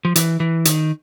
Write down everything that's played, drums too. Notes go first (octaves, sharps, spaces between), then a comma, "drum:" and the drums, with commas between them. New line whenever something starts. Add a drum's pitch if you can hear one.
F3
E3, drum: hi-hat
E3
D#3, drum: hi-hat